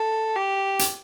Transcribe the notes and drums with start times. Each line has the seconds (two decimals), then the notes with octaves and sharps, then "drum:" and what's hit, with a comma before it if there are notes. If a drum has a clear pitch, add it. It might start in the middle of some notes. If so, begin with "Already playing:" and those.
Already playing: A4
0.36 G4
0.79 drum: hi-hat